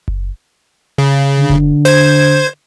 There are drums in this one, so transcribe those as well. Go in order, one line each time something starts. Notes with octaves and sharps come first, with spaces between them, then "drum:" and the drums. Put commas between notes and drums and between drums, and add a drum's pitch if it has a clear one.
drum: kick F#1
C#3
D3
drum: kick F#1
C5 G#6, drum: snare